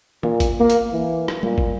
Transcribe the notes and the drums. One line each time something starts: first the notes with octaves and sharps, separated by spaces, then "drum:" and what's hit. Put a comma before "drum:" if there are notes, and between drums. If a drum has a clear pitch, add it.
A#2, drum: tom E3
drum: kick, hi-hat
A#3
drum: hi-hat
E3
drum: rim click
A#2, drum: tom G3
drum: kick